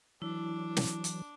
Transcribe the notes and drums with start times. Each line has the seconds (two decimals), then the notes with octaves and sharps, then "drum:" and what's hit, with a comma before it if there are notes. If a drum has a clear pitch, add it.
0.22 E3 F#3 D4 E4
0.77 drum: snare
1.04 drum: hi-hat